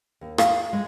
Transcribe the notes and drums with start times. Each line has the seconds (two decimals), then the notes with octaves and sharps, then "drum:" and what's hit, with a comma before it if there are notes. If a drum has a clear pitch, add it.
0.21 D#2
0.38 F5, drum: rim click
0.73 G#3